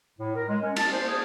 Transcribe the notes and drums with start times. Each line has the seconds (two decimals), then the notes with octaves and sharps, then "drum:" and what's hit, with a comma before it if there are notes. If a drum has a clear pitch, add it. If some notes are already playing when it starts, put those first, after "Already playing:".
0.20 A2
0.35 A#4
0.48 G#3
0.63 C#4
0.76 A5, drum: cymbal
0.93 C5
1.08 G#4